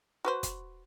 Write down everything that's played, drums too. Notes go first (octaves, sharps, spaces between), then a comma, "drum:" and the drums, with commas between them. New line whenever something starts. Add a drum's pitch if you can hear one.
F#4 B4 C5
drum: kick, hi-hat